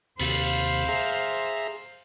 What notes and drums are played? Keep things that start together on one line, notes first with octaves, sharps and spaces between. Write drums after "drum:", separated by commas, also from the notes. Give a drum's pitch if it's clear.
D#2 C3 C5 F5 B5, drum: open hi-hat
G#4 E5 A#5